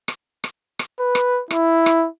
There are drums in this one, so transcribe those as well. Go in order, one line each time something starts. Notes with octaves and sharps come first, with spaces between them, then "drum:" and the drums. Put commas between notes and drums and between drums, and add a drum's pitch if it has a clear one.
drum: rim click
drum: rim click
drum: rim click
B4
drum: rim click
E4, drum: rim click
drum: rim click